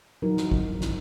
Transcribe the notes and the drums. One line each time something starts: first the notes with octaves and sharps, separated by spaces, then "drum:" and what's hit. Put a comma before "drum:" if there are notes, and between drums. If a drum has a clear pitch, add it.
F#3 D#4 F#4 A#4
drum: snare
drum: kick
drum: snare